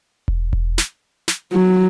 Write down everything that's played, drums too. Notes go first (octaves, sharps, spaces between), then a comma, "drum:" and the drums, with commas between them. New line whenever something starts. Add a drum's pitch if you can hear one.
drum: kick E1
drum: kick E1
drum: snare
drum: snare
F#3